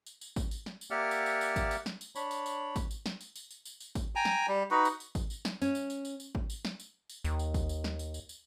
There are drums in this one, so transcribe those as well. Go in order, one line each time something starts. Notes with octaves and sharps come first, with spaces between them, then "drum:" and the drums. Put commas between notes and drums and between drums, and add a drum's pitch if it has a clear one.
drum: tambourine
drum: tambourine
drum: kick G#1, tambourine
drum: tambourine
drum: snare
drum: tambourine
A#3 G4 D5 E5 F#5 F6
drum: tambourine
drum: tambourine
drum: tambourine
drum: kick G#1, tambourine
drum: tambourine
drum: snare
drum: tambourine
D4 C#5 B5, drum: tambourine
drum: tambourine
drum: tambourine
drum: kick G#1, tambourine
drum: tambourine
drum: snare
drum: tambourine
drum: tambourine
drum: tambourine
drum: tambourine
drum: tambourine
drum: kick G#1, tambourine
G5 G#5 A#5
drum: snare
G3
D#4 F#4 B4
drum: tambourine
drum: tambourine
drum: kick G#1, tambourine
drum: tambourine
drum: snare
C#4, drum: tambourine
drum: tambourine
drum: tambourine
drum: tambourine
drum: tambourine
drum: kick G#1
drum: tambourine
drum: snare
drum: tambourine
drum: tambourine
D#2, drum: tambourine
drum: tambourine
drum: kick G#1, tambourine
drum: tambourine
drum: snare
drum: tambourine
drum: tambourine
drum: tambourine